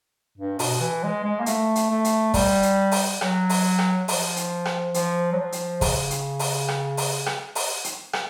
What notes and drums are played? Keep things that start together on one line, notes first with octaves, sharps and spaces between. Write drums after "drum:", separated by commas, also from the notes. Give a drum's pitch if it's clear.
G2
B2, drum: open hi-hat
E3
G#3
G#3
A#3
A3, drum: hi-hat
drum: hi-hat
A3
drum: hi-hat
G3, drum: kick, open hi-hat
drum: hi-hat
drum: open hi-hat
F#3, drum: rim click
drum: open hi-hat
drum: rim click
F3, drum: open hi-hat
drum: hi-hat
drum: rim click
F3, drum: hi-hat
F#3
F3
drum: hi-hat
C#3, drum: kick, open hi-hat
drum: hi-hat
drum: open hi-hat
drum: rim click
drum: open hi-hat
drum: rim click
drum: open hi-hat
drum: hi-hat
drum: rim click